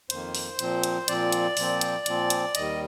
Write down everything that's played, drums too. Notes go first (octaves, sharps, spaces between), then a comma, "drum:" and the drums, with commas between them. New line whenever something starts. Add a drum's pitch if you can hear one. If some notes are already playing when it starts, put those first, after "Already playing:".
F2 D#3 A#3 C5, drum: hi-hat
drum: open hi-hat
A#2 F3 C4, drum: hi-hat
drum: hi-hat
A#2 F3 C4 D5, drum: hi-hat
drum: hi-hat
A#2 F3 C4, drum: open hi-hat
drum: hi-hat
A#2 F3 C4, drum: hi-hat
drum: hi-hat
D#2 D#3 G3 D#5, drum: hi-hat